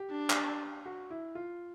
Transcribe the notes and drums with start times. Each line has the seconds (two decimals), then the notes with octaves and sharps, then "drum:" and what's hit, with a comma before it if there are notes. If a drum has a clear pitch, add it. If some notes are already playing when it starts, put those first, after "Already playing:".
Already playing: G4
0.11 D4
0.30 drum: clap
0.86 F#4
1.11 E4
1.35 F4